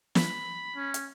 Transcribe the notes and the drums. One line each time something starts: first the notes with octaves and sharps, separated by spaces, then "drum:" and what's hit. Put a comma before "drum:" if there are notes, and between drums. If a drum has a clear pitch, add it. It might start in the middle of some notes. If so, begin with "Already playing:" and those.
B5, drum: snare
C#4
drum: hi-hat